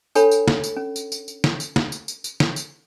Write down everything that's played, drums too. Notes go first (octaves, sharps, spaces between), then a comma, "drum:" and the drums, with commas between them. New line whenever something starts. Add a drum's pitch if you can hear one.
D4 A4 C#5 G5 B5, drum: tambourine
drum: tambourine
drum: snare
drum: tambourine
C#4
drum: tambourine
drum: tambourine
drum: tambourine
drum: snare
drum: tambourine
drum: snare
drum: tambourine
drum: tambourine
drum: tambourine
drum: snare
drum: tambourine